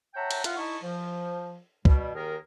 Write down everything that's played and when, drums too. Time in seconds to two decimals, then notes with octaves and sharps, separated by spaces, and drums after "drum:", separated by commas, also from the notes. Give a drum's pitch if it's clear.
0.15 C#5 E5 F#5 G5 A5 A#5
0.31 drum: cymbal
0.44 E4 F4 F5 F#5, drum: hi-hat
0.57 D#4 E4 A5 C#6
0.83 F3
1.85 B2 G3, drum: kick
2.15 D#2 D#3 G#4 A#4